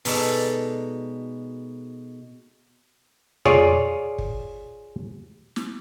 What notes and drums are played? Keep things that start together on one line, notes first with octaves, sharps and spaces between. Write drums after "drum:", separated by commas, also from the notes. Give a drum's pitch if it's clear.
B2 G#3 D#4 A4 D5 A5, drum: open hi-hat
F4 G#4 C#5 D5, drum: tom
drum: kick
drum: snare